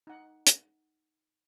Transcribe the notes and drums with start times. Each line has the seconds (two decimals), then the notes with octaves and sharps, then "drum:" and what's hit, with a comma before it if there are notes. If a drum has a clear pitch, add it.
0.07 D#4 F#5
0.47 drum: hi-hat